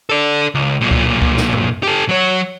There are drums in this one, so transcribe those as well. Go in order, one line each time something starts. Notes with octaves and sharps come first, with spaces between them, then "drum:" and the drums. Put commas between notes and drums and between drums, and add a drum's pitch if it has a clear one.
A4 D5
C#2
B1 A#2
drum: kick C#2
drum: kick C#2
drum: snare
drum: tom F#2
G4 A4
F#3 C#5